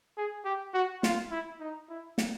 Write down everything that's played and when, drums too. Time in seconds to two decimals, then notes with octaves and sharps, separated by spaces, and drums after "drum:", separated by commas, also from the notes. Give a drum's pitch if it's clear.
0.17 G#4
0.45 G4
0.74 F#4
1.03 F4, drum: snare
1.31 E4
1.60 D#4
1.89 E4
2.18 drum: snare